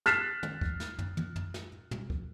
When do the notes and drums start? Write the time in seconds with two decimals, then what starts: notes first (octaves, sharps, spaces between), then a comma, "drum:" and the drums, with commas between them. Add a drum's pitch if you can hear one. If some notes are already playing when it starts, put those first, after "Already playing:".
0.06 F6 F#6 A6 B6 C7 E7, drum: snare
0.43 drum: tom
0.61 drum: kick C#2
0.80 drum: snare
0.99 drum: tom
1.17 drum: tom
1.36 drum: tom
1.54 drum: snare
1.91 drum: tom
2.10 drum: kick C#2